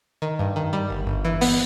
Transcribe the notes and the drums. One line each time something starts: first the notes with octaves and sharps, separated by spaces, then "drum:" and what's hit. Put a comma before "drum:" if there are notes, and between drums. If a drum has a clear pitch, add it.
D#3
G2
D#3
G3
G1
G1
E3
B3, drum: open hi-hat